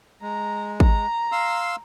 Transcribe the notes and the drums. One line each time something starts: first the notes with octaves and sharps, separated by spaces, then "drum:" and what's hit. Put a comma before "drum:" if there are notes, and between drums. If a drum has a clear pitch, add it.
G#3 A#5
A#5, drum: kick
F5 C6 E6